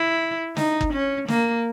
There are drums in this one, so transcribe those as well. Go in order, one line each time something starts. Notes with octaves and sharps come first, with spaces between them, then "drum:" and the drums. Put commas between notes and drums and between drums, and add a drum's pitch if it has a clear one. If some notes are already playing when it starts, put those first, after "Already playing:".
Already playing: E4
D#4, drum: snare
drum: kick
C#4
A#3, drum: snare